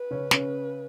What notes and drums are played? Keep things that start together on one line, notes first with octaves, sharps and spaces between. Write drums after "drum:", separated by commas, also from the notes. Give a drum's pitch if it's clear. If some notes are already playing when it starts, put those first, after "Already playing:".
Already playing: B4
C#3 C#4
C#3 C#4, drum: snare